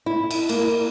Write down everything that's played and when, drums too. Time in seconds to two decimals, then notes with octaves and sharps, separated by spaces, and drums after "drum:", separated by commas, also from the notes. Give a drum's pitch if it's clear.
0.06 E4
0.31 drum: cymbal
0.49 A#3, drum: cymbal